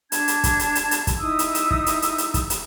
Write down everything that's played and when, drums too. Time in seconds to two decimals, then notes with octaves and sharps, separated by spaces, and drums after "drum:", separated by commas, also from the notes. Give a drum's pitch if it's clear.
0.12 D4 A5 G#6, drum: hi-hat
0.28 drum: hi-hat
0.44 drum: kick, hi-hat
0.59 drum: hi-hat
0.75 drum: hi-hat
0.91 drum: hi-hat
1.07 drum: kick, hi-hat
1.19 D#4 E4 D#6 E6
1.39 drum: hi-hat
1.55 drum: hi-hat
1.71 drum: kick
1.86 drum: hi-hat
2.02 drum: hi-hat
2.18 drum: hi-hat
2.34 drum: kick, hi-hat
2.50 drum: hi-hat